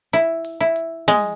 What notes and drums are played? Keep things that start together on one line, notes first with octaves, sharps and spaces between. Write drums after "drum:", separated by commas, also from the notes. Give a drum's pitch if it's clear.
E4, drum: hi-hat
drum: open hi-hat
E4
drum: hi-hat
G#3, drum: snare